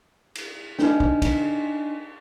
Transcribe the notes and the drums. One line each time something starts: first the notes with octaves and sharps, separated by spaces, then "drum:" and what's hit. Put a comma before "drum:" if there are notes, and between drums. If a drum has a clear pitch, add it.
drum: cymbal
D4 D#4, drum: snare
drum: kick
drum: kick, cymbal